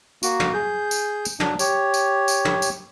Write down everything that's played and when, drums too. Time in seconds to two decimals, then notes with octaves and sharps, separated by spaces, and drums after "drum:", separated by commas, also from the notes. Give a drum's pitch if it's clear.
0.23 A#3 F#4, drum: tambourine
0.40 drum: tom
0.54 G#4 G6
0.91 drum: tambourine
1.25 drum: tambourine
1.40 F#3 D4, drum: tom
1.59 G4 C#5, drum: tambourine
1.94 drum: tambourine
2.28 drum: tambourine
2.45 drum: tom
2.62 drum: tambourine